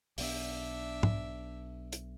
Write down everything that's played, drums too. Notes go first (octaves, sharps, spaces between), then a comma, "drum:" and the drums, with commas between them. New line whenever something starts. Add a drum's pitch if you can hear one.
B1 B3 D4 E5, drum: open hi-hat
drum: tom G#2
drum: hi-hat